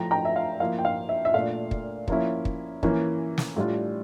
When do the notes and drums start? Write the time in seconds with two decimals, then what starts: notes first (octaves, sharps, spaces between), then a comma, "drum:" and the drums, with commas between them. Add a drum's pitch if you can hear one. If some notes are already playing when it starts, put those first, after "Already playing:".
Already playing: F3 A3 E4 G5 A#5
0.11 G5 A#5
0.25 E5
0.36 F5
0.60 F3 A#3 E4 F5
0.79 G5
0.85 F5
1.09 E5
1.25 E5
1.34 A#2 A3 D4 F5
1.71 drum: kick
2.08 F3 A#3 C#4 E4, drum: kick
2.45 drum: kick
2.83 E3 A#3 C#4, drum: kick
3.38 drum: snare
3.56 A2 G3 D4 F4